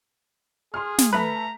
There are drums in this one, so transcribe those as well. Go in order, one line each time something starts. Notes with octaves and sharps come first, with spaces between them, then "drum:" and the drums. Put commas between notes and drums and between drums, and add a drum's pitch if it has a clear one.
G#4 C6 F6
drum: snare
A3 B4 A#5 B6